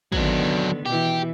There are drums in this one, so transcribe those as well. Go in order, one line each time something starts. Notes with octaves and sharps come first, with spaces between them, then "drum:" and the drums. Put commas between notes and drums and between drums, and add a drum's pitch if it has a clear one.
D3 D#3 F#3 B3 D4, drum: kick
B2 E3 G4